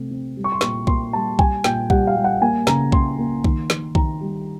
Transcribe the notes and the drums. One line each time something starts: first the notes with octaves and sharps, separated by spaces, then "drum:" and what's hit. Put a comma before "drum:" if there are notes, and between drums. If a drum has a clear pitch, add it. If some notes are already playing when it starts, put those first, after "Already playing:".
Already playing: C3 A3 C4
C4
G3
C#6
C6
A#2 C#6, drum: snare
A#3 C6, drum: kick B1
G3 A5
G3 G#5, drum: kick B1
A#2 G5, drum: snare
G3 F#5, drum: kick B1
F5
G3
F#5
A#3 G#5
C#3 A#5, drum: snare
C#3 C6, drum: kick B1
A#3
D#3, drum: kick B1
D#3, drum: snare
D#3 A#5, drum: kick B1
G3